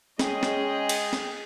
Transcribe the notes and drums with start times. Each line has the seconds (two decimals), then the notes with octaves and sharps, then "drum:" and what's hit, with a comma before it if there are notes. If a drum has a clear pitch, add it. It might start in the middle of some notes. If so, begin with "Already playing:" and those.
0.19 G#3 C#4 G#4 D#5 G5, drum: snare
0.43 drum: snare
0.89 drum: cymbal
1.13 drum: snare